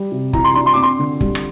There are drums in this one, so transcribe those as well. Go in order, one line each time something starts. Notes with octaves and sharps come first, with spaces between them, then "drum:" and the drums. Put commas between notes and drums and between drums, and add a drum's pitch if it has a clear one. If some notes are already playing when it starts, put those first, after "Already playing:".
Already playing: G3
C3
E3 A#5, drum: kick
C6
D4 C6
C6
C4 D6
C6
D3
G3, drum: kick
drum: rim click